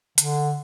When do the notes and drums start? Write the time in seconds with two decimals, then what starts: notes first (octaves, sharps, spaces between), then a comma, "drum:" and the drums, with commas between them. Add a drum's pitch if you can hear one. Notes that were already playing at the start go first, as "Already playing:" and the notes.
0.18 D3, drum: hi-hat